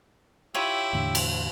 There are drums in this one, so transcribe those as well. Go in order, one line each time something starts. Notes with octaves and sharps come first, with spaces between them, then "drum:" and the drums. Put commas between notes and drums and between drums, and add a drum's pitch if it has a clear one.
E4 F4 G4 C#5 E6
E2 A2 D3
drum: cymbal